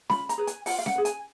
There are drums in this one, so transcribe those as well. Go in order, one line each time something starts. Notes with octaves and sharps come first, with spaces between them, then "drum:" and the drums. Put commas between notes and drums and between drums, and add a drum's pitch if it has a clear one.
F4 B5, drum: snare C#4
A#5, drum: hi-hat
G#4 B4
G#5, drum: hi-hat
F4 F#5, drum: open hi-hat
F5
F#5, drum: snare C#4
G#4 B4
G#5, drum: hi-hat